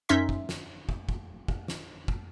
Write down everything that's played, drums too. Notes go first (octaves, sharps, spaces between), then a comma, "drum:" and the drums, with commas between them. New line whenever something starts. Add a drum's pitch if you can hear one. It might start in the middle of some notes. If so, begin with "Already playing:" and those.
F#2 C#4 D#4 E5 C6 B6
drum: kick
drum: snare
drum: kick
drum: kick
drum: kick
drum: snare
drum: kick